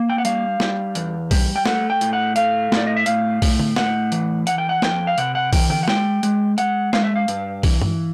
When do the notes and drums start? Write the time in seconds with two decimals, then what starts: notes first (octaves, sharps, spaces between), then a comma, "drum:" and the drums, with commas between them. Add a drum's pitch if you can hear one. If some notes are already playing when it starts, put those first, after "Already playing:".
Already playing: A#3
0.10 G5
0.18 F#5
0.25 G3 F5, drum: hi-hat
0.60 G3, drum: snare
0.95 E2, drum: hi-hat
1.31 G3, drum: kick B1, open hi-hat
1.56 G5
1.66 A3 F#5, drum: snare
1.90 G5
2.01 A2, drum: hi-hat
2.13 F#5
2.36 A3 F5, drum: hi-hat
2.72 A2 D5, drum: snare
2.87 D#5
2.97 E5
3.06 A2 F5, drum: hi-hat
3.42 A2, drum: kick B1, open hi-hat
3.59 drum: tom D3
3.76 A2 F#5, drum: snare
4.12 E3, drum: hi-hat
4.47 E3 F#5, drum: hi-hat
4.58 G5
4.69 F#5
4.82 F2 G5, drum: snare
5.07 F5
5.18 C3 F#5, drum: hi-hat
5.35 F#5
5.53 E3 G5, drum: kick B1, open hi-hat
5.70 G5, drum: tom D3
5.83 F#5
5.88 G#3 G5, drum: snare
6.23 G#3, drum: hi-hat
6.58 G#3 F#5, drum: hi-hat
6.93 G#3 F5, drum: snare
7.04 E5
7.16 F5
7.28 G2, drum: hi-hat
7.63 E3, drum: kick B1, open hi-hat
7.82 drum: tom G2